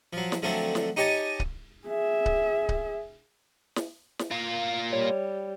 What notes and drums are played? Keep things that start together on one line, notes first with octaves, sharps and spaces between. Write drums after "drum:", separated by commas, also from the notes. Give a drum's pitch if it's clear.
F3 F#3
drum: snare
D3 F3 F#3 A3 C4
drum: snare
D#4 G4 C#5 D#5 G#5 A5
drum: kick C#1
G#4 E5
drum: kick C#1
drum: kick C#1
drum: snare
drum: snare
A#3 F4
G3 C#5